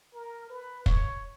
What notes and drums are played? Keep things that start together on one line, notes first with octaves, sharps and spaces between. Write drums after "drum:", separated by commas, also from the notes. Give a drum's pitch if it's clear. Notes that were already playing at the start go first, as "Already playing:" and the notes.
A#4
B4
C#5, drum: kick